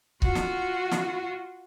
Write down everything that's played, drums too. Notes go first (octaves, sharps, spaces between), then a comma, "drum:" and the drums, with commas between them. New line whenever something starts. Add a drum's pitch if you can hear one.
F4 F#4, drum: kick C#1
drum: snare
drum: snare